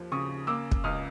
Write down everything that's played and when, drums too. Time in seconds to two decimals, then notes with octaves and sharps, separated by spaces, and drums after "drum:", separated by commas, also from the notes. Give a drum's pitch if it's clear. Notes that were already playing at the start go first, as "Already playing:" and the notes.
Already playing: D#2 F3
0.12 C#3 C#6 D#6
0.47 A#3 D6 E6
0.72 drum: kick
0.84 C#2 D#6 F6